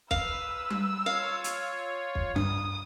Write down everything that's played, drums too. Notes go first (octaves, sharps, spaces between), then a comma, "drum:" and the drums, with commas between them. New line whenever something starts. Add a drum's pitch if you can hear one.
B4 F5 E6, drum: kick B1
drum: tom G3
F4 C#5 F5
drum: hi-hat
drum: kick B1
G2 D#6, drum: tom